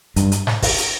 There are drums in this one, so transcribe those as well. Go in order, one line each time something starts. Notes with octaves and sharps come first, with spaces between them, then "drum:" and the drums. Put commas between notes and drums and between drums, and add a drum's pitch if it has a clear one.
G2, drum: hi-hat
drum: hi-hat
drum: snare G#2
drum: kick, open hi-hat
drum: hi-hat